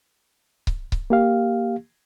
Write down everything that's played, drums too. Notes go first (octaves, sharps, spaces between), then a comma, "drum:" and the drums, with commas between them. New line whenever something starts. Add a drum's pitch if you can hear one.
drum: kick C#1
drum: kick C#1
A#3 G4 F5